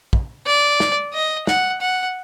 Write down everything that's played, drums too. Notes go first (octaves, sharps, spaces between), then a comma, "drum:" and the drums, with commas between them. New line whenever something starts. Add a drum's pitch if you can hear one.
drum: kick
D5
drum: snare
D#5
F#5, drum: snare
F#5